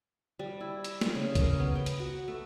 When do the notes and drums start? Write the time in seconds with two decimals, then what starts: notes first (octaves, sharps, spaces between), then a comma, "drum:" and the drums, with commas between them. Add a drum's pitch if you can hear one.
0.39 G3
0.60 E4
0.84 drum: hi-hat
1.01 drum: snare
1.15 C#3
1.35 A#4, drum: kick C2, hi-hat
1.59 B3
1.75 G5
1.86 drum: hi-hat
2.00 F#4
2.28 A3